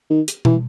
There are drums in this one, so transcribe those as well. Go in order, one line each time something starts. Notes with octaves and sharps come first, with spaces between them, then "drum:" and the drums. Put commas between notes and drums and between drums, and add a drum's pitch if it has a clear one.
D#3
drum: hi-hat
E3, drum: tom B2